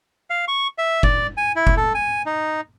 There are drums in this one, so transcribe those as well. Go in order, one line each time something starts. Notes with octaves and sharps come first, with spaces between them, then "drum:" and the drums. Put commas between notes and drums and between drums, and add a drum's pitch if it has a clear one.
F5
C#6
E5
D5, drum: kick F1
G#5
E4
drum: kick F1
A4
G#5
D#4